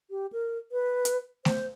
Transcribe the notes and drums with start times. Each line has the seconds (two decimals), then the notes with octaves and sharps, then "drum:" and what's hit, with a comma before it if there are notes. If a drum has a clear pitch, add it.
0.10 G4
0.33 A#4
0.72 B4
1.05 drum: hi-hat
1.45 C5, drum: snare A3